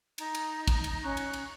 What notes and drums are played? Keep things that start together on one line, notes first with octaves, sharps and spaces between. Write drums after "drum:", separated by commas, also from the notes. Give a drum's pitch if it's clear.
D#4, drum: cymbal
drum: cymbal
drum: kick, cymbal
drum: cymbal
C#4 C#6 F#6
drum: cymbal
drum: cymbal